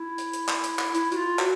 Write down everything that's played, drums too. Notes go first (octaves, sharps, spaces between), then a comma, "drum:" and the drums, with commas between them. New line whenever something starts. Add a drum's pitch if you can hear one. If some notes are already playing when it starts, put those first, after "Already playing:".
Already playing: E4
drum: hi-hat
drum: hi-hat
drum: clap
drum: hi-hat
drum: clap
E4, drum: hi-hat
F#4, drum: hi-hat
F4
F#4, drum: clap